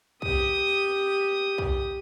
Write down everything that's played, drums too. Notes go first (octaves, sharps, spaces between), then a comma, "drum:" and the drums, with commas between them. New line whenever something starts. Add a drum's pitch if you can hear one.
G4 D#6, drum: kick
drum: kick